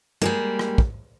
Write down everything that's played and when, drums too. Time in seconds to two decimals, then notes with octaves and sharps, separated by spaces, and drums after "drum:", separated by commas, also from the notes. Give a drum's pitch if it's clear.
0.22 G3 G#3 A#3, drum: tom
0.59 drum: rim click
0.78 drum: kick